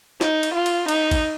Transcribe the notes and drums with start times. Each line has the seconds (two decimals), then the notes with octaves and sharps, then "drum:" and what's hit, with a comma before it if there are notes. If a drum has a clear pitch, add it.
0.21 D#4, drum: snare
0.43 drum: cymbal
0.54 F4
0.66 drum: cymbal
0.88 D#4, drum: cymbal
1.11 drum: kick, cymbal